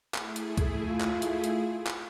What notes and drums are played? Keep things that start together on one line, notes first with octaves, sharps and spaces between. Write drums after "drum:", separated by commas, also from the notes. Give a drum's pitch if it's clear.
A3 E4 G#4, drum: clap
drum: hi-hat
drum: kick C2, hi-hat
F4
drum: clap
drum: hi-hat
drum: hi-hat
drum: clap